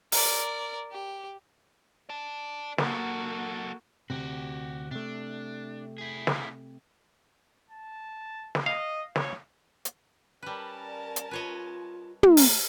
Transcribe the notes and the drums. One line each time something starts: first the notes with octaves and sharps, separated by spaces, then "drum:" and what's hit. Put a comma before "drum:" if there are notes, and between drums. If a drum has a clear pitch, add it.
A#4 D5, drum: open hi-hat
G4
D5 A5
F#3 A#3 F#4 A4, drum: snare
D2 G2 C3 F#4 G4
C3 A3 D4
E4 G#4
drum: snare
A5
drum: snare
D#5 F5
C#5, drum: snare
drum: hi-hat
G3 C#4 A#4 B4 A5
D5
drum: hi-hat
F4 B4 C#5 D#5
A3 A4, drum: tom
drum: open hi-hat